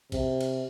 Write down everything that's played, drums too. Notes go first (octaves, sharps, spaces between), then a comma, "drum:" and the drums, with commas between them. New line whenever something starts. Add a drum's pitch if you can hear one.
C3, drum: kick B1, cymbal
drum: cymbal